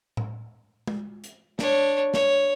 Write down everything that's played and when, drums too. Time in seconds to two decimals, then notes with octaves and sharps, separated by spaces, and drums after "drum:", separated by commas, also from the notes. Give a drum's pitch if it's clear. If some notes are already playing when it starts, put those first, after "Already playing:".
0.17 drum: tom A2
0.87 drum: tom G#3
1.24 drum: hi-hat
1.59 D4 C#5, drum: snare
2.14 C#5, drum: snare